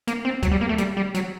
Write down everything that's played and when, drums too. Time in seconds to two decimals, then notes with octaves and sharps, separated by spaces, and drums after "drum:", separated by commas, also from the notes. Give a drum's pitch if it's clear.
0.07 A#3, drum: hi-hat
0.25 C4
0.43 F#3, drum: kick, hi-hat
0.51 G3
0.61 A#3
0.69 A3
0.78 G3, drum: hi-hat
0.97 G3
1.14 F#3, drum: hi-hat